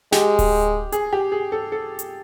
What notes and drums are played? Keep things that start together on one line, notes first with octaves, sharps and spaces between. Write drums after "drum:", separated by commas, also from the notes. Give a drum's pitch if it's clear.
G#3 G4, drum: snare
drum: kick D1, open hi-hat
G#4, drum: hi-hat
G4
G#4
A4
A4
drum: hi-hat